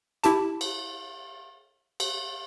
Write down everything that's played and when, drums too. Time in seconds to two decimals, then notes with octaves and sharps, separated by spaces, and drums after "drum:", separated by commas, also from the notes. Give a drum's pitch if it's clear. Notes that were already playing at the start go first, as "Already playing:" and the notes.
0.24 E4 G4 A5, drum: hi-hat
0.61 drum: cymbal
2.00 drum: cymbal